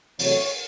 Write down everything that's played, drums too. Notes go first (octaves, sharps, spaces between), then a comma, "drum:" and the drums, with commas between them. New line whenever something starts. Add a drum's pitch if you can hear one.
E2 C3 F#3 A3 C#5, drum: open hi-hat